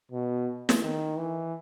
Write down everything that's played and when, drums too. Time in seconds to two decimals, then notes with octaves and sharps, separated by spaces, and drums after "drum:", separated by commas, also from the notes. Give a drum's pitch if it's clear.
0.11 B2
0.69 drum: snare
0.83 D#3
1.17 E3